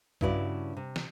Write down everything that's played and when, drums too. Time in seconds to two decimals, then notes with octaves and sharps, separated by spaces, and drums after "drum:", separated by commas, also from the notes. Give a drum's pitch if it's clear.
0.21 G2 C#3 E4 F#4 G4 D5, drum: kick B1
0.77 C3
0.96 drum: snare